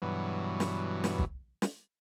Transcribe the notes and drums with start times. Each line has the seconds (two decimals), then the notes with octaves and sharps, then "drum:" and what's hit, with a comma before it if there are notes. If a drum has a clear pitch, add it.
0.02 G2 B2 E3 F#3
0.60 drum: snare
1.04 drum: snare
1.18 drum: kick
1.62 drum: snare